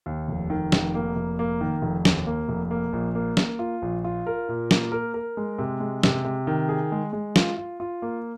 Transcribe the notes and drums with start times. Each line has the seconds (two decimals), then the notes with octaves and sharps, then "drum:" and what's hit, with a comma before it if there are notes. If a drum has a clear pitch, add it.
0.06 D#2
0.28 F1
0.50 D#3
0.72 F1, drum: snare
0.95 A#3
1.16 F1
1.39 A#3
1.61 D#3
1.82 F1
2.05 D#2, drum: snare
2.27 A#3
2.49 F1
2.71 A#3
2.93 A#1
3.15 A#3
3.37 A#3, drum: snare
3.59 F4
3.82 A#1
4.04 F4
4.27 A#4
4.49 A#2
4.71 A#3, drum: snare
4.92 A#4
5.14 A#4
5.37 G#3
5.58 C3
5.80 G#3
6.03 C3, drum: snare
6.24 C3
6.47 D#3
6.69 G#4
6.92 G#3
7.13 G#3
7.36 F4, drum: snare
7.57 F4
7.80 F4
8.02 A#3